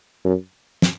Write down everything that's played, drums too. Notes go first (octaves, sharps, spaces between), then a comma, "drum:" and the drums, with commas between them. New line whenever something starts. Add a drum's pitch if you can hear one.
F#2
drum: snare